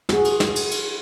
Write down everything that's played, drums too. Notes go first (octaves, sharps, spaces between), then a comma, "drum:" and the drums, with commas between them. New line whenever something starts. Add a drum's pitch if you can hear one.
F#4 G#4, drum: snare
drum: cymbal
drum: snare
drum: cymbal
drum: cymbal